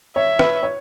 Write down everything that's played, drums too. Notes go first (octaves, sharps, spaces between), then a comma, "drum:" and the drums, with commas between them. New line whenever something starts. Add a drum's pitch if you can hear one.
C#5 E5
B4, drum: rim click
C#5